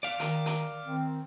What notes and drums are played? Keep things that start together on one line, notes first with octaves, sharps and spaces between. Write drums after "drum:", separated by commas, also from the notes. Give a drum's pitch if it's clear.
D5 F5
D#3, drum: hi-hat
drum: hi-hat
D#3 C4